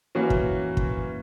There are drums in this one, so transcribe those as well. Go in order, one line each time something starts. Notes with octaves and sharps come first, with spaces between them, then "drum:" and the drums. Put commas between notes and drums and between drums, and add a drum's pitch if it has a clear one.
E3 A#3 C#4 F#4
drum: kick
drum: kick